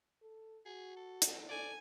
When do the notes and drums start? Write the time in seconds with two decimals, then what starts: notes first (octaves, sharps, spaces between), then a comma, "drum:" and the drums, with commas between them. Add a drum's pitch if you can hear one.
0.22 A4
0.66 F#4 G#4
0.97 A4
1.22 drum: hi-hat
1.49 A4 D5 G#5